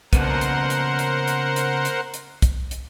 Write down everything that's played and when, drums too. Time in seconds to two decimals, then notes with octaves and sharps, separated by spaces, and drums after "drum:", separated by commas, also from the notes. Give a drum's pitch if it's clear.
0.13 C#3 A#3 B3 A#4 C5 F#5, drum: kick, hi-hat
0.41 drum: hi-hat
0.70 drum: hi-hat
0.99 drum: hi-hat
1.28 drum: hi-hat
1.56 drum: hi-hat
1.85 drum: hi-hat
2.14 drum: hi-hat
2.42 drum: kick, hi-hat
2.71 drum: hi-hat